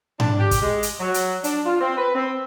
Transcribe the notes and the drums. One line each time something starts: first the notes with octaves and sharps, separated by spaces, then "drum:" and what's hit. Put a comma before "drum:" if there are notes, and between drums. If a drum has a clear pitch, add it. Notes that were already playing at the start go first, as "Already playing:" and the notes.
D4, drum: tom G#2
G4
drum: kick, hi-hat
G#3
drum: hi-hat
F#3
drum: hi-hat
D4, drum: hi-hat
F4
C4
B4
C4